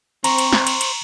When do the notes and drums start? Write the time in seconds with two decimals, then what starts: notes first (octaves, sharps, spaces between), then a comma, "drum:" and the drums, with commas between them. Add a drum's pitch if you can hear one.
0.24 C4 C5 A#5 C#6, drum: cymbal
0.38 drum: cymbal
0.53 drum: snare
0.67 drum: cymbal
0.81 drum: cymbal